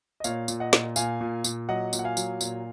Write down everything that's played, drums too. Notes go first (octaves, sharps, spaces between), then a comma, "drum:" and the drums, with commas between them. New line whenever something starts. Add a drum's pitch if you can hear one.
D#5
A#2 C#5 F5, drum: tambourine
A#2, drum: tambourine
D#5 F#5
A#2, drum: snare
A#2 F5 G#5, drum: tambourine
A#2
A#2, drum: tambourine
F#3 D#5 F#5
A#2, drum: tambourine
F#5
F5 G#5
F#3, drum: tambourine
A#2, drum: tambourine